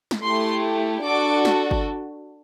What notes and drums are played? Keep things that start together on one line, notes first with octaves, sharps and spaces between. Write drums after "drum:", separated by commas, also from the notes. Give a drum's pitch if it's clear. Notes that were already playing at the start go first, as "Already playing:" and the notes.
drum: snare
A3 E4 G4 C6
D4 F#4 A4 D6
drum: snare
drum: kick